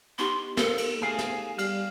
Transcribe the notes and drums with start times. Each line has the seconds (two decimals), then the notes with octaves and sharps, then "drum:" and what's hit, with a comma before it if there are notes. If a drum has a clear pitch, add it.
0.19 B3 D#4 G4 C6
0.57 A#3 A4, drum: snare
0.78 drum: cymbal
1.02 A3 G#4 F5 G#5
1.18 drum: snare
1.58 G3 F5, drum: cymbal